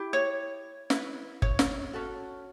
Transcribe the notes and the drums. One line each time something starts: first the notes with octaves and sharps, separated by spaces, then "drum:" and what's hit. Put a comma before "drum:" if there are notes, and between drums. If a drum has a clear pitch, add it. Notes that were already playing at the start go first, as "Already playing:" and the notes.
Already playing: E4 G4
C#5
E4 B4, drum: snare
C#5, drum: kick G1
drum: snare
C#4 F#4 A4